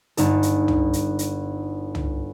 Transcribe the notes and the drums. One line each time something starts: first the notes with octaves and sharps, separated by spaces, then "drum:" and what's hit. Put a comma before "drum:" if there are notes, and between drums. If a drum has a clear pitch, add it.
G1 D#4 A4, drum: hi-hat
drum: hi-hat
drum: tom
drum: hi-hat
drum: hi-hat
drum: tom